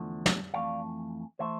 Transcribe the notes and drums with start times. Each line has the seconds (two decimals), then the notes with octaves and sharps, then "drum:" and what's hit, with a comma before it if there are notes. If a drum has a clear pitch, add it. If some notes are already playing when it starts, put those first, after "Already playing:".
Already playing: E2 D3 F3 A3
0.26 drum: snare
0.54 F2 E3 A3 D5 F5
1.39 E3 A3 C5 E5